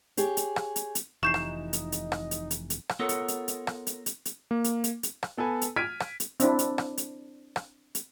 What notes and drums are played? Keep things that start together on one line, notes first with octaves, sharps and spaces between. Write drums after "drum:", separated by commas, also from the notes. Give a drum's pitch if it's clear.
G4 G#4 C#5, drum: hi-hat
drum: hi-hat
drum: rim click
drum: hi-hat
drum: hi-hat
F1 E3 D#4 C#6 G6 C7 E7
drum: rim click
drum: hi-hat
drum: hi-hat
drum: rim click
drum: hi-hat
drum: hi-hat
drum: hi-hat
drum: rim click
B3 F4 A4 A#4 C#5
drum: hi-hat
drum: hi-hat
drum: hi-hat
drum: rim click
drum: hi-hat
drum: hi-hat
drum: hi-hat
A#3
drum: hi-hat
drum: hi-hat
drum: hi-hat
drum: rim click
B3 A4 B4 G#5
drum: hi-hat
F6 G#6 B6 D7 D#7
drum: rim click
drum: hi-hat
C4 D4 E4, drum: hi-hat
drum: hi-hat
drum: rim click
drum: hi-hat
drum: rim click
drum: hi-hat